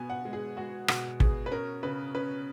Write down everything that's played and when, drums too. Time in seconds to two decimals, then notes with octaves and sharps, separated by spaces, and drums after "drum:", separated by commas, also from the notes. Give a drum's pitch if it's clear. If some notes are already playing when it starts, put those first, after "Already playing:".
Already playing: B2 B3 G#5
0.10 F#5
0.25 G#3
0.33 G#4
0.57 G#3 F#4
0.88 B2 F#4, drum: rim click
1.20 B2 G#4, drum: kick
1.46 B4
1.51 C#4 A#4
1.83 C#3 B4
2.14 C#4 B4